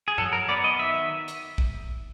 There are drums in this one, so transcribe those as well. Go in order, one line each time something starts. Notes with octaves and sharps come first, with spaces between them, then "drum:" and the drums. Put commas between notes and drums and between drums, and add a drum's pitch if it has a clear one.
G#4
F#3 A4, drum: tom F#2
A#4
B3 D5
D#5
D#3 E5
drum: hi-hat
drum: kick